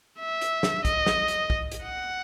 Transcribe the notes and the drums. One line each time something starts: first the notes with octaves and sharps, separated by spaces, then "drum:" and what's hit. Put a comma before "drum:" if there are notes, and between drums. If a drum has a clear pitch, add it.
E5
drum: hi-hat
drum: snare
D#5, drum: kick, hi-hat
drum: snare
drum: hi-hat
drum: kick
drum: hi-hat
F#5